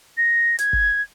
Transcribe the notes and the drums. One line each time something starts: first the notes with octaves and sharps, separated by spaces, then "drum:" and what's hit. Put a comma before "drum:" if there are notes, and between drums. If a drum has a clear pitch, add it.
A#6
G#6, drum: hi-hat
drum: kick G1